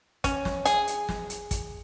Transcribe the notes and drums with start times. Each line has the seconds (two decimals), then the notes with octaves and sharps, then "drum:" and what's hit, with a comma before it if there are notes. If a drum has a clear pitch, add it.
0.24 C#4, drum: kick, hi-hat
0.45 drum: snare
0.65 G#4, drum: hi-hat
0.87 drum: hi-hat
1.09 drum: snare
1.30 drum: hi-hat
1.51 drum: kick, hi-hat